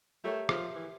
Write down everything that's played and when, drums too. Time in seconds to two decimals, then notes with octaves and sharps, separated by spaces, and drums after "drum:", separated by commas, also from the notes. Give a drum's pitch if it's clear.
0.24 A3 G4 A#4 C#5 E5
0.49 F3, drum: rim click
0.75 E3